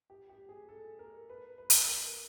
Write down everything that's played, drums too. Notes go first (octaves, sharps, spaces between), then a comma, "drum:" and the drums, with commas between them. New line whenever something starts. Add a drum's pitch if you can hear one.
G4
G4
G#4
A4
A#4
B4
B4
drum: hi-hat
A#4